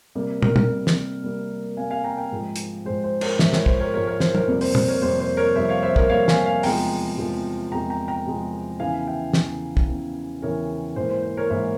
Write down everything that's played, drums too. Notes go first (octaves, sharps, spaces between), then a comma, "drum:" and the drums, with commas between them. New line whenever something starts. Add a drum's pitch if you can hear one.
C3 G3 A#3
A#4, drum: tom
A#4, drum: tom
C3 G3 A#3
drum: snare
C3 G3 A#3
C3 G3 A#3 F5 G#5
F5 G#5
G5 A#5
G5 A#5
G#2 F3 G#3
drum: hi-hat
G#2 F3 G#3 C5
C5
A#4 C#5, drum: cymbal
G#2 F3 G#3 C5 E5, drum: snare
A#4 C#5, drum: snare
C5, drum: kick
A#4 C#5
G#2 F3 G#3 A#4 C#5
A#4 C#5
C5, drum: snare
A#4, drum: tom
F2 C3 G3 A#3
C5, drum: open hi-hat
C5, drum: tom
A#4 C#5
F2 C3 G3 A#3 C5
C5
A#4 C#5
F2 C3 G3 A#3 C5 E5
C#5 F5
C5 E5
A#4 C#5, drum: kick
F2 C3 G3 A#3 C#5 F5
F5 G#5, drum: snare
F5 G#5
E2 C3 F3 G#3 G5 A#5, drum: open hi-hat
E2 C3 F3 G#3
E2 C3 F3 G#3 G5 A#5
G5 A#5
G5 A#5
E2 C3 F3 G#3
E2 C#3 E3 F5 G#5
E5 G5
E2 C#3 E3, drum: snare
drum: kick
E2 C#3 E3
E2 C#3 E3 A#4 C#5
G#2 E3 A#3 C5
C5
C5
A#4 C#5
G#2 E3 A#3 C5 E5